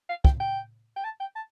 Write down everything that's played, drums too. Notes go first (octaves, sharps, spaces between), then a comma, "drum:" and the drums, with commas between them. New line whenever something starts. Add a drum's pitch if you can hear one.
F5
G5, drum: kick
G5
G5
A5
G5
A5